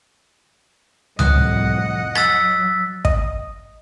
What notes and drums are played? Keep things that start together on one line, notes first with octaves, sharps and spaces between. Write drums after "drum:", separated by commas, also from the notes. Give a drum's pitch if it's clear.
C2 F2 A2 D#5 F#5 D#6 F#6, drum: tom C#2
F#3 E6 A6 B6, drum: rim click
D#5, drum: kick